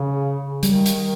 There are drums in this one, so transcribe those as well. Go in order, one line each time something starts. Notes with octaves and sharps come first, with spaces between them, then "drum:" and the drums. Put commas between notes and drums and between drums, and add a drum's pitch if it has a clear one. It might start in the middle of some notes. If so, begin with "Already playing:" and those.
Already playing: C#3
D#3 G3, drum: hi-hat
drum: hi-hat